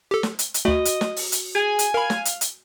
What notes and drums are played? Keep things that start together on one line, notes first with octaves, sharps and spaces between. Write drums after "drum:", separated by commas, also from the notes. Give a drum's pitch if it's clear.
G4 A4
drum: snare
drum: hi-hat
drum: hi-hat
D2 A3 F#4 D#5
drum: hi-hat
drum: snare
drum: open hi-hat
drum: hi-hat
G#4 G#5
drum: hi-hat
A#4 F5 B5
drum: snare
drum: hi-hat
drum: hi-hat